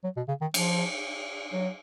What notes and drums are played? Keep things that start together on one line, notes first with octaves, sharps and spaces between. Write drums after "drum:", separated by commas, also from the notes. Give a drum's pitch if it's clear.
F#3
B2
C#3
D#3
F3, drum: cymbal
F#3